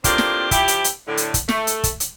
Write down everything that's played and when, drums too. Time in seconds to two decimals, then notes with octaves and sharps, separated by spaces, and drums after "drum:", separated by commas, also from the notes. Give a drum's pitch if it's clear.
0.04 A2 A#3 C4 D4 F4 G4, drum: kick, hi-hat
0.18 drum: snare
0.51 F3 E4 G4, drum: kick, hi-hat
0.68 drum: hi-hat
0.84 drum: hi-hat
1.07 A2 D3
1.17 drum: hi-hat
1.34 drum: kick, hi-hat
1.49 A3, drum: snare
1.67 drum: hi-hat
1.84 drum: kick, hi-hat
2.00 drum: hi-hat